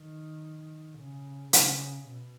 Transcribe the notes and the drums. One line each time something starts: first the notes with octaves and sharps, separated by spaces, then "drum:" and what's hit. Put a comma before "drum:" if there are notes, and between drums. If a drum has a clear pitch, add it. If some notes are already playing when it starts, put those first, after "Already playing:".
Already playing: D#3
C#3
C#3, drum: hi-hat
B2